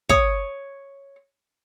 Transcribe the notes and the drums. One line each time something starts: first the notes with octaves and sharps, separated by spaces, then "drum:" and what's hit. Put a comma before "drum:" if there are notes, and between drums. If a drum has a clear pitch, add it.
C#5 D#6, drum: kick